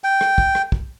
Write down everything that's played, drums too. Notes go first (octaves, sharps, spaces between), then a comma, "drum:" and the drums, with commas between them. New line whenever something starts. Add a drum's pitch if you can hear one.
G5
drum: rim click
drum: kick
drum: rim click
drum: kick